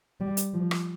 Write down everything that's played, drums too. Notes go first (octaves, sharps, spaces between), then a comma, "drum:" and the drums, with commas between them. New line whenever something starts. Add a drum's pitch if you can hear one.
G3
drum: hi-hat
F3
drum: rim click